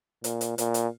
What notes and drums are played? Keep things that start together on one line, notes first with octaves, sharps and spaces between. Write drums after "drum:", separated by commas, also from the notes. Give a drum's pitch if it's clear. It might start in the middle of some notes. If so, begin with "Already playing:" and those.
A#2, drum: hi-hat
drum: hi-hat
A#2, drum: hi-hat
drum: hi-hat